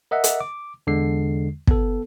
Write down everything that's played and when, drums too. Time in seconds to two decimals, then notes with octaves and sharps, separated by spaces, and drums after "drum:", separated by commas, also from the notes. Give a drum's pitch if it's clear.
0.11 A#4 D#5 E5 F#5
0.24 drum: hi-hat
0.40 D6
0.87 E2 D3 G#3 C7
1.67 B3 A4, drum: kick